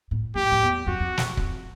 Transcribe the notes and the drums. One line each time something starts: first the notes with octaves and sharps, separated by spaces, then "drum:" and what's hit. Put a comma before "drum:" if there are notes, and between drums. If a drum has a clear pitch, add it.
A2
A2 G4
F2
E2
F2 F#4
F2
drum: snare
F2, drum: kick